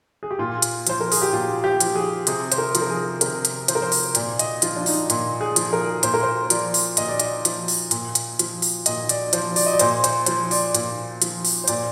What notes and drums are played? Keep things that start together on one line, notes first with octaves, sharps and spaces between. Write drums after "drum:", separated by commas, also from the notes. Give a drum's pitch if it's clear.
G#4
G4
A#2 F4
drum: hi-hat
F3 C5, drum: hi-hat
A#4
G#4, drum: open hi-hat
G4
A#2 F4
G4
F3, drum: hi-hat
G#4
C3 G#4, drum: hi-hat
C5, drum: hi-hat
A#4
F3, drum: hi-hat
A#4
G#4
C3 A#4, drum: hi-hat
drum: hi-hat
F3 C5, drum: hi-hat
A#4
C5
drum: open hi-hat
A#2 D5, drum: hi-hat
D#5, drum: hi-hat
F3 F4, drum: hi-hat
D4
D#4, drum: open hi-hat
A#2, drum: hi-hat
G#4
F3, drum: hi-hat
A#4
A#2 C5, drum: hi-hat
A#4
C5
F3 D5, drum: hi-hat
drum: open hi-hat
A#2 D#5, drum: hi-hat
D5
D#5, drum: hi-hat
F3, drum: hi-hat
drum: open hi-hat
A#2, drum: hi-hat
drum: hi-hat
F3, drum: hi-hat
drum: open hi-hat
A#2 D#5, drum: hi-hat
D5, drum: hi-hat
F3 C5, drum: hi-hat
D5, drum: open hi-hat
D#5
D5
A#2 C5, drum: hi-hat
C5, drum: hi-hat
F3 C5, drum: hi-hat
D5, drum: open hi-hat
A#2, drum: hi-hat
F3, drum: hi-hat
drum: open hi-hat
C5
A#2 D5, drum: hi-hat